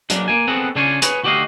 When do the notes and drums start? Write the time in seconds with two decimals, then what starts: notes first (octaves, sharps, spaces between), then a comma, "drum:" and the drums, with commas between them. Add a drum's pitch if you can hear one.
0.10 F#3 G#3 A#3 D4, drum: hi-hat
0.28 A#3 G#5
0.47 B3 C4 F#4 G#4 A4
0.76 C#3 D4 F4 C#5 G#5
1.02 G#4 B4 C#5, drum: hi-hat
1.23 D2 F#4 G4 D5 D#5 F5